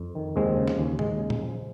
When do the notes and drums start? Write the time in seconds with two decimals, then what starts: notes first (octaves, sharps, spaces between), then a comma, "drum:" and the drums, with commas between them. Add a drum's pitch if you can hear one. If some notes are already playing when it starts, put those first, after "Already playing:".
Already playing: F2
0.15 D#3
0.36 D#2 G#3 C4
0.57 C#3
0.68 drum: snare
0.78 D#2
0.99 D#2 G#3, drum: tom
1.19 C#3
1.30 drum: tom A#2
1.41 F3